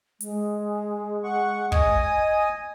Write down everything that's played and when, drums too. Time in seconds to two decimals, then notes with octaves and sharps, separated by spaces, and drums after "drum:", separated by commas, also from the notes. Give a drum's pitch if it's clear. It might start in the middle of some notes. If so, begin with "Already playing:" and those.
0.21 G#3, drum: hi-hat
1.24 F#5 C#6
1.72 D#5 G#5 D#6, drum: kick